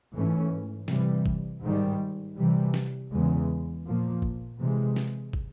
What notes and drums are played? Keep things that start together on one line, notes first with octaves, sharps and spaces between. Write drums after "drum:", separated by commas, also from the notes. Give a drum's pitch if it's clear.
G#2 E3 A3 C#4
C3 E3 G3, drum: snare
drum: kick
G#2 D#3 G3
C3 E3 G3
drum: snare
E2 C#3 E3 G#3
A#2 F3 A#3
drum: kick
C3 E3 G#3
drum: snare
drum: kick